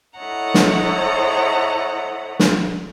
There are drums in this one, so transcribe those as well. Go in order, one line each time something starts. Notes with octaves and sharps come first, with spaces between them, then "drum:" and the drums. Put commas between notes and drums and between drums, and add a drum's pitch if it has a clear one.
E4 A4 C#5 D#5 F#5 A#5
drum: snare
drum: snare